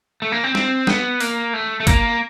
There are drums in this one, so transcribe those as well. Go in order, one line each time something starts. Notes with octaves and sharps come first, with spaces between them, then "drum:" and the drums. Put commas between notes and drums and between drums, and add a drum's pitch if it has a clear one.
A3
A#3
C4
C4, drum: snare
B3, drum: snare
A#3, drum: open hi-hat
A3
A3
A#3, drum: kick, hi-hat